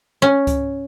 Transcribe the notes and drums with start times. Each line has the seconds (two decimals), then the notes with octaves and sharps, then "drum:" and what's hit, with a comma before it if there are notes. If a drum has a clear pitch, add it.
0.22 C#4
0.47 drum: kick C#2, hi-hat